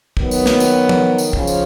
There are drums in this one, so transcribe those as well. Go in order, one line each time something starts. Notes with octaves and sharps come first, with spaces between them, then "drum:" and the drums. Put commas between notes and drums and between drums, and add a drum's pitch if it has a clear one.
D#3 F#3 B3, drum: kick
drum: tambourine
drum: snare
drum: tambourine
drum: tom
drum: tambourine
C#3 F3, drum: kick
drum: tambourine